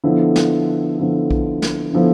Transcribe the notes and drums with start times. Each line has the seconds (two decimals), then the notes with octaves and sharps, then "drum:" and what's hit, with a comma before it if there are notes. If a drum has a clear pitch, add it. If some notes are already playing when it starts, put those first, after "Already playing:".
0.04 D3 F3 B3 E4 A4
0.36 drum: snare
0.99 D3 F3 B3 E4 A4
1.31 drum: kick
1.62 drum: snare
1.93 D3 F3 B3 E4 A4